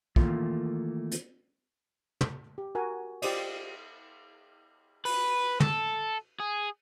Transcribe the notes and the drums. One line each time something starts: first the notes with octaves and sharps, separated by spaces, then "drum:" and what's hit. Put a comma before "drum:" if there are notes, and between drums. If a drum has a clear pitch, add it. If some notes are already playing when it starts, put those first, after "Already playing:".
D#3 E3 A3 A#3 F4, drum: kick
drum: hi-hat
drum: tom
G4
F#4 A#4 G#5
F4 G4 C5 D5 D#5, drum: cymbal
B4, drum: open hi-hat
A4, drum: tom
G#4